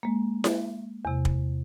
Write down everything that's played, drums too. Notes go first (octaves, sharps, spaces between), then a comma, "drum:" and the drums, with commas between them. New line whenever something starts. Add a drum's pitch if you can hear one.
G#3 A#3
drum: snare E4
E2 C3
drum: kick